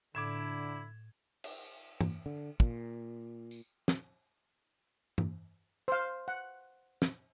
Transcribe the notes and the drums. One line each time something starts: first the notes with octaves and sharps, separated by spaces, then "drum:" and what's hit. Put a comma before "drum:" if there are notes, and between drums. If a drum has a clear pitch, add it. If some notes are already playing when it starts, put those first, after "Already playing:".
A2 D3 E4 D6 G#6 E7
drum: cymbal
drum: tom
D3
A#2, drum: kick
drum: tambourine
drum: snare
drum: tom
C5 F5
F#5
drum: snare